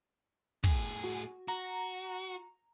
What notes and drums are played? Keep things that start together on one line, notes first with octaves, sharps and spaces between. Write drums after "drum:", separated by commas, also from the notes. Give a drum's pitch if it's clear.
A2 G#4, drum: kick
F#4
F#4 A#5